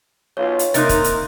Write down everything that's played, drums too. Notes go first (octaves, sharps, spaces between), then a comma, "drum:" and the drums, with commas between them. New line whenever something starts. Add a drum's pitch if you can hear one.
B1 F4 C#5
drum: hi-hat
C3 A#3 D#4 A#4 C6 F#6 A6, drum: hi-hat
drum: kick, hi-hat
drum: hi-hat